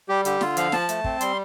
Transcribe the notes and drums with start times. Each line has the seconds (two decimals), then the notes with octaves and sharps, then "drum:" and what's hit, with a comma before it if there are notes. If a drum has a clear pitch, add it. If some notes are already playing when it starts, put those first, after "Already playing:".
0.09 G3 G4
0.25 D3 G4, drum: hi-hat
0.41 D3 F4, drum: snare
0.57 F3 F5, drum: hi-hat
0.72 F3 A5, drum: snare
0.89 A3, drum: hi-hat
1.04 C4, drum: kick
1.21 G3 C6, drum: hi-hat